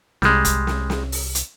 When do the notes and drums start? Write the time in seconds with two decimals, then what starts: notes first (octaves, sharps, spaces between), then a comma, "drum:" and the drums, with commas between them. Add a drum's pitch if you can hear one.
0.22 C2 G3 G#3, drum: snare
0.45 drum: kick, hi-hat
0.67 drum: snare
0.90 drum: snare
1.12 drum: open hi-hat
1.35 drum: hi-hat